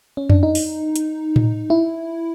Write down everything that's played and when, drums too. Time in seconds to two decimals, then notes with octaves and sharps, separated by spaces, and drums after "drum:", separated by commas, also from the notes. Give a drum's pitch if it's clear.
0.17 C#4
0.30 D4, drum: tom F2
0.43 D#4
0.55 drum: open hi-hat
0.96 drum: hi-hat
1.36 drum: tom A2
1.70 E4